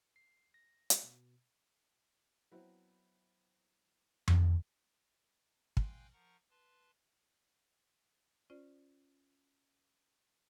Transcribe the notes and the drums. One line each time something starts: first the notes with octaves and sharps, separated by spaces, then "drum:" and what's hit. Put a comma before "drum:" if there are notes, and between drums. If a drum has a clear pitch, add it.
C7
A#6
drum: hi-hat
B2
F#3 B3 C4 E4
drum: tom F2
F5 G5 G#5 C6 F#6 G6, drum: kick
F3 A#4 F#5 A#5 C#6
B4 A5 C6
C#4 F4 C5 D5